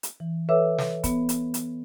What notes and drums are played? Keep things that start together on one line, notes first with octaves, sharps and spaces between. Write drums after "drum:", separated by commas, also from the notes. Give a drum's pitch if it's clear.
drum: hi-hat
E3
A4 B4 C#5 E5 D6 E6
drum: snare
B3, drum: kick, hi-hat
drum: hi-hat
drum: hi-hat